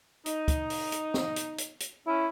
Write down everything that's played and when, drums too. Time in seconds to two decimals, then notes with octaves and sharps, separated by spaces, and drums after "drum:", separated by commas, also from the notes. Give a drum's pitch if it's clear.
0.26 D#4, drum: hi-hat
0.48 drum: kick, hi-hat
0.70 drum: open hi-hat
0.92 drum: hi-hat
1.14 drum: snare
1.36 drum: hi-hat
1.58 drum: hi-hat
1.80 drum: hi-hat
2.07 C#4 E4